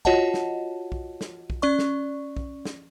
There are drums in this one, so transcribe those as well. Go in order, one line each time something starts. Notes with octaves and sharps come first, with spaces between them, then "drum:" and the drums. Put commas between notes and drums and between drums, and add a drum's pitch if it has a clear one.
F4 F#4 C#5 D#5 F#5 A5, drum: kick B1
drum: snare
drum: kick B1
drum: snare
drum: kick B1
C#4 D5 C#6
drum: snare
drum: kick B1
drum: snare